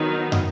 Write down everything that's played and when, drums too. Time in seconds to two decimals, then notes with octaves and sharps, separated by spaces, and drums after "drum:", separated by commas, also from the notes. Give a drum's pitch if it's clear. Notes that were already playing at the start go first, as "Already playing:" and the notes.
Already playing: D#3 F#3 B3 D#4
0.32 drum: tom